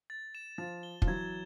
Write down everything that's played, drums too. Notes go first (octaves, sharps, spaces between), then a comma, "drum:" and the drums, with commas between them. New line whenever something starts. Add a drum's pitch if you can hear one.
A6
E7
F3 A6
G7
F3, drum: kick
E3 F#3 G#6